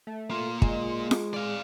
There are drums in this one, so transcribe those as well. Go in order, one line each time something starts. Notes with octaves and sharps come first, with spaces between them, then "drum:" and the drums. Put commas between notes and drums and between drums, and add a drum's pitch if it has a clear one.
A3
A#3 F4
G#3, drum: kick
drum: snare F4
D5 F5